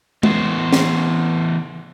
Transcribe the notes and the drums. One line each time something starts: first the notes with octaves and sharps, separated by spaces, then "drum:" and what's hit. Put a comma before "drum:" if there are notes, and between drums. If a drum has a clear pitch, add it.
E3 A3 B3 C5 C#5, drum: tom G#3
drum: snare